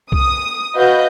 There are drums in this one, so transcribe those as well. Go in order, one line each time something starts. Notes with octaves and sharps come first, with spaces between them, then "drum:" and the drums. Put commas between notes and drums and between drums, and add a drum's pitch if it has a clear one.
D#6, drum: kick
F#4 B4 D#5 F5 G6